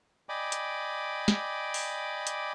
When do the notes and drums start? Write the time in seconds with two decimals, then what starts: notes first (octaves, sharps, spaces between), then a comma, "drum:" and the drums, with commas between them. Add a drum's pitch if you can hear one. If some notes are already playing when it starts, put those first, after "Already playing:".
0.29 D5 D#5 G5 G#5 B5 D6
0.52 drum: hi-hat
1.28 drum: snare
1.74 drum: open hi-hat
2.27 drum: hi-hat